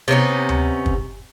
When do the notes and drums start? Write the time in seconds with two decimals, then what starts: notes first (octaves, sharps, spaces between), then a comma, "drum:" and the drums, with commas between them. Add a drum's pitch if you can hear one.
0.08 C3 B3 C#4 D#4
0.49 drum: tom D2
0.86 drum: kick